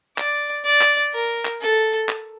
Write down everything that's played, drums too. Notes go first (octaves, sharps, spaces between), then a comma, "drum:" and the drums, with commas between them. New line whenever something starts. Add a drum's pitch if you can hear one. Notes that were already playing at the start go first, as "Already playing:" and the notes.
D5, drum: clap
D5
drum: clap
A#4
drum: clap
A4
drum: clap